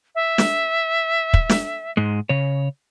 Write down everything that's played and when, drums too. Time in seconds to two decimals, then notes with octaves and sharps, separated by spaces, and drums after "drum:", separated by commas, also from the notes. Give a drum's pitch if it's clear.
0.15 E5
0.38 drum: snare
1.34 drum: kick
1.49 drum: snare
1.97 G#2 G#3
2.29 C#3 C#5